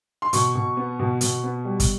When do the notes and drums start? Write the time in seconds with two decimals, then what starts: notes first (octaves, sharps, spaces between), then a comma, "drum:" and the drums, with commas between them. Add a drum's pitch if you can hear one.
0.22 C6
0.33 B2 C#6, drum: hi-hat
0.55 B2
0.77 B3
0.99 B2
1.21 B2, drum: hi-hat
1.43 B3
1.65 G3
1.80 drum: kick, hi-hat